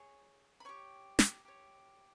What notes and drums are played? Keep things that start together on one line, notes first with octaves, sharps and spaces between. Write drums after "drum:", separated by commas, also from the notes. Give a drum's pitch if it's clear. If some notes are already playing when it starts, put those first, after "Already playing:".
Already playing: G#4 C#5
B5
G4 C#5 C#6
drum: snare
G4 C#5